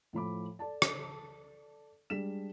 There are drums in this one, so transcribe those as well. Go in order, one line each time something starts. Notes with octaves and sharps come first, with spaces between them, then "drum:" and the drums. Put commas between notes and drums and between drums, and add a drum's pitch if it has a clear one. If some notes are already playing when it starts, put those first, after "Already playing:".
A2 F3 B5 D6
A4 D5 A5
drum: rim click
G3 G#3 D4 B6 E7